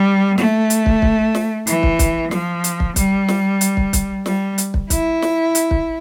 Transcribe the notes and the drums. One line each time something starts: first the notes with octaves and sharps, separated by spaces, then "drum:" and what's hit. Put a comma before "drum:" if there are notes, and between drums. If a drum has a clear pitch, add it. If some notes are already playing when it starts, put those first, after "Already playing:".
Already playing: G3
A3, drum: snare
drum: hi-hat
drum: kick
drum: kick
drum: snare
E3, drum: hi-hat
drum: kick
drum: kick, hi-hat
F3, drum: snare
drum: hi-hat
drum: kick
G3, drum: kick, hi-hat
drum: snare
drum: hi-hat
drum: kick
drum: kick, hi-hat
G3, drum: snare
drum: hi-hat
drum: kick
E4, drum: kick, hi-hat
drum: snare
drum: hi-hat
drum: kick